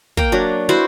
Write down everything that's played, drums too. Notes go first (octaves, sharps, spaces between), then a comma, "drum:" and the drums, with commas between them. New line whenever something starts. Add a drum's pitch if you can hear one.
A#3 G5, drum: kick
F#3 D4
E4 F#4 B4 C5